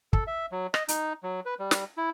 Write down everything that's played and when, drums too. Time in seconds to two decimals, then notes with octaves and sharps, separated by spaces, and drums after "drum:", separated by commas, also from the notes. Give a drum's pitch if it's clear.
0.13 A4, drum: kick
0.27 E5
0.52 F#3
0.74 D#5, drum: rim click
0.88 D#4, drum: hi-hat
1.23 F#3
1.46 B4
1.59 G3
1.71 drum: snare
1.97 E4